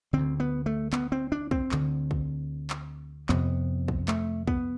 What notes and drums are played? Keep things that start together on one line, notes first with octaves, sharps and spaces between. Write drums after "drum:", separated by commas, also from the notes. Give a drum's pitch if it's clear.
D2 D3 C4
B3
A3
B3, drum: clap
C4
D4
C4, drum: kick
D2 D3, drum: clap
drum: kick
drum: clap
F2 C3 B3, drum: clap
drum: kick
A3, drum: clap
B3, drum: kick